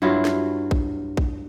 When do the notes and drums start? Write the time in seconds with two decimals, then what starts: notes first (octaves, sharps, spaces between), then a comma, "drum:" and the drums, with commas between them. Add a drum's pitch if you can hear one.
0.02 G2 F#3 E4 F4
0.25 drum: snare
0.71 drum: kick A#1
1.17 drum: kick A#1